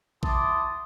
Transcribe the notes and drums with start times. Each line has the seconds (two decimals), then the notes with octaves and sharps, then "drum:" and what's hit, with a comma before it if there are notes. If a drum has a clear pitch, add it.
0.23 E4 F#4 A5 C6 D6 D#6, drum: kick A#1